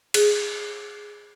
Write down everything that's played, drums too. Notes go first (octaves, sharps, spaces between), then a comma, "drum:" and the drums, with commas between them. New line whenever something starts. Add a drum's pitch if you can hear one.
G#4, drum: cymbal